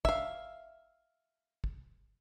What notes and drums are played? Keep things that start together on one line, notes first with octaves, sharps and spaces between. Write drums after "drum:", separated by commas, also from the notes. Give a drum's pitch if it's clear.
E5 F5, drum: kick
drum: kick